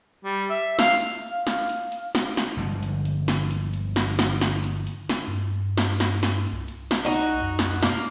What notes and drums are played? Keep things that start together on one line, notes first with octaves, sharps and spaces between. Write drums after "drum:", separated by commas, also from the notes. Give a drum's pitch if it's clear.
G3
E5
F5, drum: snare
drum: hi-hat
F5
drum: snare
drum: hi-hat
drum: hi-hat
drum: snare
drum: snare
G1 D3 F3 G#3
drum: hi-hat
drum: hi-hat
drum: snare
drum: hi-hat
drum: hi-hat
drum: snare
drum: snare
drum: snare
drum: hi-hat
drum: hi-hat
drum: snare
G2
drum: snare
drum: snare
drum: snare
C2
drum: hi-hat
drum: snare
D#4 F#4
drum: hi-hat
F#2
drum: snare
A#3, drum: snare